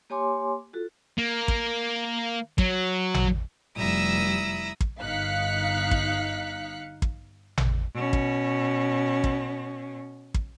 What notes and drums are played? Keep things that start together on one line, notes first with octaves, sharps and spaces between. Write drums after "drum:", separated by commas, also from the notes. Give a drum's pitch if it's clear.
A#3 G4 C#5 G#5 C6 D6
F4 F#4 A4
A#3
drum: kick
F#3, drum: kick
drum: tom A1
F1 G3 E4 A#5 D#6 E6
drum: kick
G1 D#4 F5 F#6 B6 C#7
drum: kick
drum: kick
drum: tom A1
B2 C#4
drum: kick
drum: kick
drum: kick